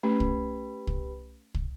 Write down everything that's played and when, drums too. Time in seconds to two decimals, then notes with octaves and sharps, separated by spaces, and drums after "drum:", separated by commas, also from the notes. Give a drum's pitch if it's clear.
0.03 A3 C#4 G4 B4 B5
0.20 drum: kick
0.87 drum: kick
1.54 drum: kick